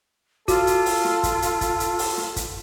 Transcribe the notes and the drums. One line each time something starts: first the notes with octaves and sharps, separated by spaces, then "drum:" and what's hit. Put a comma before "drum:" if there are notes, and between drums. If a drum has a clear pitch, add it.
F4 F#4 A4, drum: kick, hi-hat
drum: hi-hat
drum: open hi-hat
drum: rim click
drum: kick, hi-hat
drum: hi-hat
drum: kick, hi-hat
drum: hi-hat
drum: open hi-hat
drum: rim click
drum: kick, hi-hat